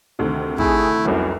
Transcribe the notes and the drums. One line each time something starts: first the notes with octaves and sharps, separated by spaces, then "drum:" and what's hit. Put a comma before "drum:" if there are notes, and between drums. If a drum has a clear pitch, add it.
D2 C3 D#3
A3 E4 G#4, drum: kick
F1 C2 F#2